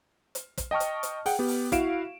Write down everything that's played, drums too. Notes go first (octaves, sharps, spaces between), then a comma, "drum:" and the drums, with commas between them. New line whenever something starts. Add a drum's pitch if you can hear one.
drum: hi-hat
drum: kick, hi-hat
D#5 G5 A5 C#6 F6
drum: hi-hat
drum: hi-hat
G#4 F#5 G5, drum: open hi-hat
B3 G4
drum: open hi-hat
E4 F#4 F5 C#6 D7 E7, drum: kick, hi-hat